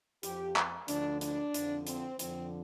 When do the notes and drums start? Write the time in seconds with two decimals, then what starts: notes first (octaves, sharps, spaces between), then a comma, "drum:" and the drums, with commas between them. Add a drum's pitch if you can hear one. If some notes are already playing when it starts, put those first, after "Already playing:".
0.23 F2 F3 G4, drum: hi-hat
0.56 drum: clap
0.88 D2 D3 F3 D4, drum: hi-hat
1.21 D4, drum: hi-hat
1.54 F2 D3 F3, drum: hi-hat
1.87 C4, drum: hi-hat
2.19 F2 D3 F3 C4, drum: hi-hat